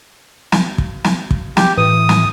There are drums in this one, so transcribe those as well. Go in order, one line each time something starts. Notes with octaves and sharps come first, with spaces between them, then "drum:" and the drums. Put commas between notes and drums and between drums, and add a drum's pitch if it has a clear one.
drum: snare
drum: kick
drum: snare
drum: kick
G4, drum: snare
A2 E3 D#6
drum: snare